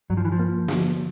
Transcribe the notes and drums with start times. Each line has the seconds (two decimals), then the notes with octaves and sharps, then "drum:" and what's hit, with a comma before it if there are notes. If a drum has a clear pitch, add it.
0.10 G2 F#3
0.17 F3
0.25 E3
0.32 F3
0.39 A#3
0.68 D3, drum: snare